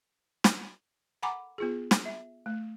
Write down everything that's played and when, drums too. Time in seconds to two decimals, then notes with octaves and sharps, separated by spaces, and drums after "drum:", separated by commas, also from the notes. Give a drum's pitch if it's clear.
0.44 drum: snare
1.23 F#5 G#5 A#5 B5 D6
1.58 B3 F4 G#4
1.91 drum: snare
2.06 E5
2.46 A3